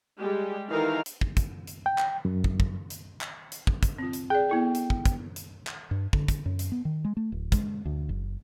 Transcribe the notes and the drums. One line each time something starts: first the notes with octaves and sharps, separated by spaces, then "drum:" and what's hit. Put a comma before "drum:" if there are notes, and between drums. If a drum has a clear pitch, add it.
G3 G#3 G4
D#3 E3 D#4 A4 A#4 F5
drum: hi-hat
drum: kick
drum: kick, hi-hat
drum: hi-hat
G5
drum: clap
F#2
drum: kick
drum: kick
drum: hi-hat
drum: clap
drum: hi-hat
drum: kick
drum: kick, hi-hat
C4 F4
drum: hi-hat
G#4 D5 G5
B3 E4 A4
drum: hi-hat
drum: kick
drum: kick, hi-hat
drum: hi-hat
drum: clap
G2
D3, drum: kick
drum: kick, hi-hat
F#2
drum: hi-hat
B3
D#3
G#3
A3
D1
G#3, drum: kick, hi-hat
D2
F#1